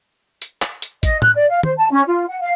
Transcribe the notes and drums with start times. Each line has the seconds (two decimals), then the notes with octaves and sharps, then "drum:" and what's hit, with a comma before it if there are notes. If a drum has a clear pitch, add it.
0.42 drum: hi-hat
0.62 drum: clap
0.82 drum: hi-hat
1.03 D#5, drum: kick, hi-hat
1.22 F#6, drum: tom
1.36 D5
1.49 F5
1.63 C5, drum: tom
1.77 A5
1.91 C#4
2.07 F4
2.28 F#5
2.41 F5